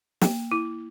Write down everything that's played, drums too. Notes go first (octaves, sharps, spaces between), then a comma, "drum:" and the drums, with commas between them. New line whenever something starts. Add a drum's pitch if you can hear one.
A#3, drum: snare
E4